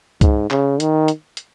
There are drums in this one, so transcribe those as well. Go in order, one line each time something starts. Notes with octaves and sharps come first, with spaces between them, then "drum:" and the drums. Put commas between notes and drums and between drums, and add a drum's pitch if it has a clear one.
G#2, drum: kick C#2, hi-hat
C#3, drum: clap
D#3, drum: hi-hat
drum: hi-hat
drum: hi-hat